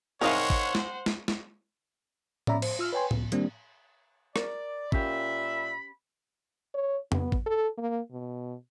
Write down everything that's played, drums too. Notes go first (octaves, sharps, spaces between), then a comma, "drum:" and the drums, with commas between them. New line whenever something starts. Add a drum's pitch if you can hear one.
C2 G#2 A#4 C5 C#5 D#5 F5 F#5
drum: kick
drum: snare
drum: snare
drum: snare
C#4 D5 E5 A#5 B5, drum: tom A2
C5, drum: cymbal
F4 E6 F6
B4 C#5 G5 G#5 C6
C#2, drum: tom A2
D#3 G3 A#3 C4 D4, drum: hi-hat
A#4 D5, drum: rim click
A#2 C#4 G4 E5 B5, drum: kick
C#5
B3, drum: tom F2
drum: kick
A4
A#3
B2